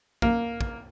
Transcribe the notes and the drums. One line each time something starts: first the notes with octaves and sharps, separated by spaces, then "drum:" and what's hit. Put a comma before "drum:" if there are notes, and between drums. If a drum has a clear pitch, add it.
A#3, drum: kick
drum: kick